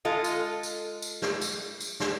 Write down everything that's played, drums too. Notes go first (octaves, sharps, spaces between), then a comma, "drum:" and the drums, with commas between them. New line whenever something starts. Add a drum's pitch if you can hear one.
G#3 F4 A4 D#5
drum: tambourine
drum: tambourine
drum: tambourine
drum: snare
drum: tambourine
drum: tambourine
drum: snare